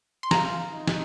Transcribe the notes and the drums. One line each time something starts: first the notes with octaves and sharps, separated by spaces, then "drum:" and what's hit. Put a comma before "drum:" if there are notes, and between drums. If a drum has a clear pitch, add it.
C6
F4 A#5, drum: snare
D#4
drum: snare